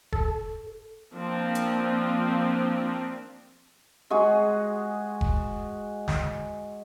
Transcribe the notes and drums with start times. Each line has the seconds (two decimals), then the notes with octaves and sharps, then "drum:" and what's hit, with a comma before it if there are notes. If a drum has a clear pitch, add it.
0.12 A4, drum: kick F1
1.13 F3 A#3 C4 D4
1.55 drum: hi-hat
4.10 G#3 F#4 G#4
5.21 drum: kick F1
6.08 drum: snare